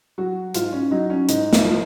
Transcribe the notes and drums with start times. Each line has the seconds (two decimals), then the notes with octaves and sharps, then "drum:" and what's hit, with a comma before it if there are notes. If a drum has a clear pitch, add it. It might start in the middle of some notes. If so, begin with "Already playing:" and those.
0.18 F#3 F#4
0.55 G#2 F4, drum: hi-hat
0.73 C#4
0.91 F#3 D#4
1.10 C#4
1.29 G#2 D#4, drum: hi-hat
1.53 drum: snare
1.65 F3